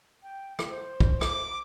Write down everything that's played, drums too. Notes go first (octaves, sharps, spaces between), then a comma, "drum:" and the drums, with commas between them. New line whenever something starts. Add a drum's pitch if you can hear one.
G5
drum: rim click
C5
drum: kick
D6, drum: rim click